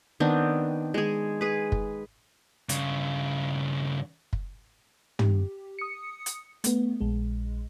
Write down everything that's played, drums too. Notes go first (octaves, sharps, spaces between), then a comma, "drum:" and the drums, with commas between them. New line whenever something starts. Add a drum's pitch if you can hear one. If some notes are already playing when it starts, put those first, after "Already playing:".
D#3 B3 C4 D4
G#3 G#4
G#4 B4
drum: kick
G2 C#3, drum: hi-hat
drum: kick
G4, drum: tom
D#6 C#7
drum: hi-hat
A3 B3, drum: hi-hat
A#1 G#3